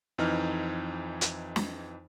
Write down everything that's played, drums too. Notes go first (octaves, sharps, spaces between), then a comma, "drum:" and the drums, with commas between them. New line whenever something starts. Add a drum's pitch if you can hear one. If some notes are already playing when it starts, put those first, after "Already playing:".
F2 E3 D#4 F6
drum: hi-hat
drum: snare